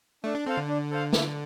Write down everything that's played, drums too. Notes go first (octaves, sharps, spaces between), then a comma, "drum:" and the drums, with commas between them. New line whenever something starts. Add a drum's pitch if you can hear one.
A3 D4
D4
C4 A4 C5 F5
D3
D4
A4 C5 F5
E4, drum: snare